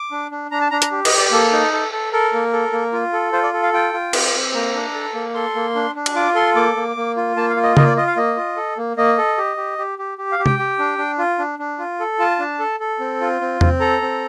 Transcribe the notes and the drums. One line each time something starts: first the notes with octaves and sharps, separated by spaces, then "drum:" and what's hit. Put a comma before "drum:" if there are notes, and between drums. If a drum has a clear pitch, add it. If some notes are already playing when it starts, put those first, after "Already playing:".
Already playing: D6
D4
D4
D4 A#5
A5
D4 A#5
A#5, drum: hi-hat
G4
D#5, drum: cymbal
G4
D5
A#3 A4
D#4
A4
A4
A4 A#4
A#3
A4
A#3
F4
A4
F4 C5
D5
A4
F5
F4 G5
F4
C4, drum: cymbal
C4
A#3 A#5
D4
A4
A#3
A4 C6
A#3
D4
D4
drum: cymbal
F4 D6
A4 C6
A#3 D6
A#3
A#3
F4
A#3 A5
F5
F4
D#5
A#3 D#5, drum: tom C#3
D5
F4 D#5
F5
A#3 D#5
F4
A4
A#3
A#3 D#5
A4
G4
G4
G4
G4
G4
F5
G4
G5, drum: tom C3
G4
D4
D4
F4
D4
D4
F4
A4
F4 A5
D4
A4
A4
C4
F4
C4
C4, drum: tom E2
A4 A#5
C4